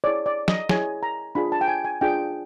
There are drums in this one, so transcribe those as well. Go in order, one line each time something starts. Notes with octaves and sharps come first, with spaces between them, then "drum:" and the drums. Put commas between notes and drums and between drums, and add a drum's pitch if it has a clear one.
E4 G#4 C#5 D5
D5
D#5, drum: snare
E4 G#4 C#5 G#5, drum: snare
A#5
D4 F4 G#4 B5
A5
G5
G#5
G#5
D4 F4 G#4 G5